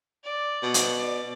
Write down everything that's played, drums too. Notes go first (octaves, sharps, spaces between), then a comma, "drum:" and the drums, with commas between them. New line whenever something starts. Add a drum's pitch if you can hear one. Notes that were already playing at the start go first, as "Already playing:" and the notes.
D5
B2
drum: hi-hat
D5